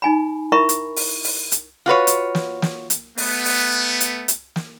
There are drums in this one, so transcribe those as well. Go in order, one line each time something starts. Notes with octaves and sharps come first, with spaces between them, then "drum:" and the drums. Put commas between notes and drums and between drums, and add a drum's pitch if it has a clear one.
D#4 G#5 B5
E4 A#4 E5 B5 C#6
drum: hi-hat
drum: open hi-hat
drum: open hi-hat
drum: hi-hat
F4 F#4 B4 C#5
drum: hi-hat
drum: snare
drum: snare
drum: hi-hat
A3 B3, drum: open hi-hat
drum: open hi-hat
drum: hi-hat
drum: hi-hat
drum: snare